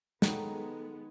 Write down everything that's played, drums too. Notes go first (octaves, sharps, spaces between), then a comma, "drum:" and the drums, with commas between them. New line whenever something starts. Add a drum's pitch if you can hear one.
D#3 F#3 G#3 B3 D#4 A4 B4, drum: snare